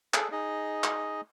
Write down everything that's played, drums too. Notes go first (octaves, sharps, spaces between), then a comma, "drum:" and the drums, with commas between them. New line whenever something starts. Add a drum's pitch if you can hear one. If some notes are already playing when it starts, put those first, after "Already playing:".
G#4 A4, drum: clap
D#4 G#4 D#5
drum: clap